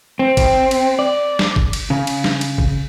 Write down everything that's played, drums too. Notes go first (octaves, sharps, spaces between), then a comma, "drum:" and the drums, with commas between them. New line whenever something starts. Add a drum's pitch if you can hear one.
C4
drum: kick, cymbal
drum: cymbal
D5
drum: snare
drum: kick
drum: cymbal
C#3
drum: cymbal
drum: snare
drum: cymbal
drum: kick